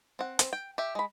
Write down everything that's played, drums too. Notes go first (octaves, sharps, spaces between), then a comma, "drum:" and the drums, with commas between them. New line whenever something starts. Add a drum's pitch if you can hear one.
C4 F#5
C4, drum: hi-hat
G5
G4 E5
G#3 B5